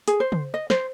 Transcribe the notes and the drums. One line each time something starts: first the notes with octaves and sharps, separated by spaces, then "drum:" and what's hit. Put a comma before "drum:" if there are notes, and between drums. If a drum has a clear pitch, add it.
G#4, drum: hi-hat
C5
drum: tom
D#5
C5, drum: snare